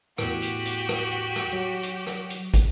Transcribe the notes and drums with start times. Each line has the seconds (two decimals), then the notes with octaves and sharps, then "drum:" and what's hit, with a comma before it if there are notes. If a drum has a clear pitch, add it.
0.18 E2 A2 F#4 G4, drum: rim click
0.42 drum: hi-hat
0.65 drum: hi-hat
0.89 drum: rim click
1.36 drum: rim click
1.53 F#3
1.83 drum: hi-hat
2.07 drum: rim click
2.30 drum: hi-hat
2.54 drum: kick, hi-hat